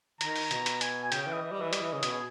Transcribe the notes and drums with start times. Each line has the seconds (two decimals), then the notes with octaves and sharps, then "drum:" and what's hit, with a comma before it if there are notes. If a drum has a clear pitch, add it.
0.21 D#3 A#5, drum: hi-hat
0.36 drum: open hi-hat
0.51 B2, drum: hi-hat
0.66 drum: hi-hat
0.81 G#5, drum: hi-hat
1.04 G#5
1.12 C#3 G5, drum: hi-hat
1.23 E3 G5
1.33 D#5
1.42 E3
1.51 G3
1.61 E3
1.73 G3, drum: hi-hat
1.82 E3
1.93 C#3
2.03 B2 D#5, drum: hi-hat
2.13 G#4